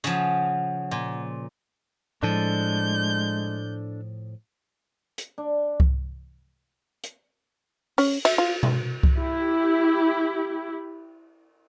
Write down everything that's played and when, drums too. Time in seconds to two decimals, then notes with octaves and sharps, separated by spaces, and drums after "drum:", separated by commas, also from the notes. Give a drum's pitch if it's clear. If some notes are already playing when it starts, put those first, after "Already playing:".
0.04 C#3 F3 F#5, drum: hi-hat
0.91 A#2
2.23 A2 F3 G#3 D4 A4 A5 G6
5.18 drum: hi-hat
5.38 D4
5.80 drum: kick C2
7.04 drum: hi-hat
7.98 C#4, drum: open hi-hat
8.25 E5, drum: cymbal
8.38 F4
8.63 drum: tom B2
9.03 drum: kick C2
9.16 E4 G4